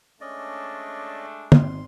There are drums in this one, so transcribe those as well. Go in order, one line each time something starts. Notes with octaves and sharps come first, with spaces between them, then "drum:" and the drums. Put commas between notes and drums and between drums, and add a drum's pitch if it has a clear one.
G#3 A3 C#4 D4 D5 D#5
G#1 C6, drum: tom